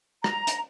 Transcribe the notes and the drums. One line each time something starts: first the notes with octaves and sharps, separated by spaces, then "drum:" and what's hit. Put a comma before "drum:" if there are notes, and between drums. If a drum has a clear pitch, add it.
A#5, drum: rim click
drum: hi-hat